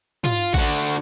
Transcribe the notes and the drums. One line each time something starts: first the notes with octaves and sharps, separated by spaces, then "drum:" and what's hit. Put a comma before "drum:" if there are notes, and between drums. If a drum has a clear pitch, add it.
F4, drum: tom
D3 F#4, drum: kick A1